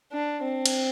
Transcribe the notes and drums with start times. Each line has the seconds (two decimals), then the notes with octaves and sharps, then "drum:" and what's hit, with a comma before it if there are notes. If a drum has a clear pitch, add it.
0.13 D4
0.43 C4
0.66 drum: cymbal